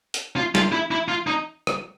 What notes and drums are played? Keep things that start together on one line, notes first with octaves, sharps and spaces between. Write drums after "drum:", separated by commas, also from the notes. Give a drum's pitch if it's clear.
drum: hi-hat
F4
F4, drum: snare
E4
E4
F4
D#4
drum: rim click